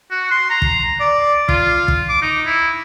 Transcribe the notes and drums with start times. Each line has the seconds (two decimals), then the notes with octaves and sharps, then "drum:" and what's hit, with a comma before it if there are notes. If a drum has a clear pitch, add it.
0.11 F#4
0.31 C6
0.50 A#5
0.62 drum: kick
1.00 D5
1.49 F4, drum: kick
1.88 drum: kick
2.09 D6
2.22 D#4
2.46 E4